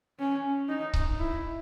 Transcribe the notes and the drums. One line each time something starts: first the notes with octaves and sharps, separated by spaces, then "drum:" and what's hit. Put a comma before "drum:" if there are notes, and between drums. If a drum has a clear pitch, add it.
C#4
D#4
drum: kick C#1
E4